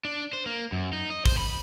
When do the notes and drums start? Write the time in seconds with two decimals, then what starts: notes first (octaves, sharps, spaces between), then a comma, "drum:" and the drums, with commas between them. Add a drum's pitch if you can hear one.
0.05 D4
0.33 C5
0.46 A#3
0.72 F#2
0.93 D#4
1.10 D#5
1.26 C5, drum: kick, open hi-hat
1.38 B5